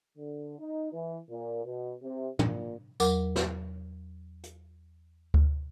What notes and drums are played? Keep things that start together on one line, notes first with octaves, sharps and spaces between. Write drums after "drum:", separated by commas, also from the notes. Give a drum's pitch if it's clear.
D3
D#4
E3
A#2
B2
C3
A#2, drum: tom
E2 F#3 A#4 F#5 D6, drum: tambourine
drum: snare
drum: hi-hat
drum: kick D2